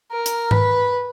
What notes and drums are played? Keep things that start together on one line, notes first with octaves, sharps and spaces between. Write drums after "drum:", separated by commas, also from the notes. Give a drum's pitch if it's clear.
A#4
drum: hi-hat
B4, drum: tom G#2